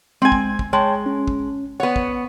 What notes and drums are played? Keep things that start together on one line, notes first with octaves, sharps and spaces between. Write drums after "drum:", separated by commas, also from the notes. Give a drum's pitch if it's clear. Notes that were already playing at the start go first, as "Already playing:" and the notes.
G#3 C4 G#5 G#6
drum: kick
drum: kick
G#3 C#5 G5 A5
C#4
drum: kick
B3 C#5 F#5
drum: kick